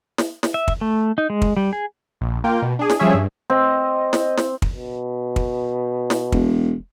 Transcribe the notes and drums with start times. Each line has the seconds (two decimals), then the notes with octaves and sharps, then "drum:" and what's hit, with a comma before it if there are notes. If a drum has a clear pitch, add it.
0.18 drum: snare
0.43 drum: snare
0.54 E5
0.68 drum: kick
0.81 A3
1.18 D#4
1.30 G#3
1.42 drum: kick
1.57 G3
1.73 G#4
2.21 A#1
2.44 A#3 F4 G5
2.62 B2
2.79 D4 G#4
2.89 drum: snare
2.99 F3 G3 C#4 G#4 C#5 E5
3.14 G2
3.50 C4 D#5
4.13 drum: snare
4.37 drum: snare
4.62 drum: kick
4.73 B2
5.36 drum: kick
6.10 drum: snare
6.32 E1, drum: kick